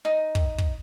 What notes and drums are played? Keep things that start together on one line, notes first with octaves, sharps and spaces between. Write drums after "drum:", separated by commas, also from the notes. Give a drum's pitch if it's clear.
D#4
drum: kick
drum: kick